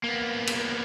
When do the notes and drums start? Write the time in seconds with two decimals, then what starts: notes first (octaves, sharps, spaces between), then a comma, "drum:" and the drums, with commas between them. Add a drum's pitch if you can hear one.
0.04 A#3 B3
0.47 drum: cymbal